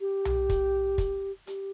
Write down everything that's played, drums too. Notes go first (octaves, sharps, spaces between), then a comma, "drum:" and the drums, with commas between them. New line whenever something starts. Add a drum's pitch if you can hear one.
G4
drum: tom B1
drum: kick, hi-hat
drum: kick, hi-hat
G4, drum: hi-hat